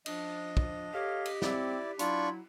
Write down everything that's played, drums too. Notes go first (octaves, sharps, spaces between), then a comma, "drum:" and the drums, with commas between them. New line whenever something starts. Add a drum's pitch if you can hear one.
F3 D4 D#5, drum: cymbal
drum: kick
G4 A4 C#5 F5
drum: cymbal
C4 E4 D5, drum: snare
F#3 D4 E4 F4 B5 C#6, drum: hi-hat